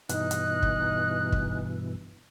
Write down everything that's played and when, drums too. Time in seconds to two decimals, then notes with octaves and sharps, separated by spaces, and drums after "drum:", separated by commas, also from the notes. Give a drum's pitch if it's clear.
0.09 G2 B2 E3 D#4 F#6, drum: hi-hat
0.31 drum: hi-hat
0.63 drum: kick
1.32 drum: kick